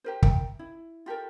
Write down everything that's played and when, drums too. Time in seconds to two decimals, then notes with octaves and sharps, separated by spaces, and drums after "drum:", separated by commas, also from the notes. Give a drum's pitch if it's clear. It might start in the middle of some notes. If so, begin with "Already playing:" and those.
0.04 G4 A#4 C5
0.22 A#4 E5 G5, drum: kick
0.59 E4
1.06 F4 G4 A4 A#4